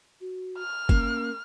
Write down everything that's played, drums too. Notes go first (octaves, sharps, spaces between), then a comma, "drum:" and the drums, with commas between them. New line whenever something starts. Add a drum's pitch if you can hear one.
F#4
F6
A#3 C#4, drum: kick